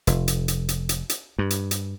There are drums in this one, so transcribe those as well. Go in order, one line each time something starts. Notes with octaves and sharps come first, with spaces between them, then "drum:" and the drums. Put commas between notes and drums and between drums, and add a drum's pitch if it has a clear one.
F1, drum: hi-hat
drum: hi-hat
drum: hi-hat
drum: hi-hat
drum: hi-hat
drum: hi-hat
G2
drum: hi-hat
drum: hi-hat